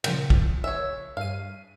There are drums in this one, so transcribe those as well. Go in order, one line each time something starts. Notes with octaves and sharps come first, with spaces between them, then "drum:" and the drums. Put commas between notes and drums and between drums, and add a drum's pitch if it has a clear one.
A#2 C#3 F3 G5, drum: cymbal
drum: kick
C#5 E5
G2 F5 D#7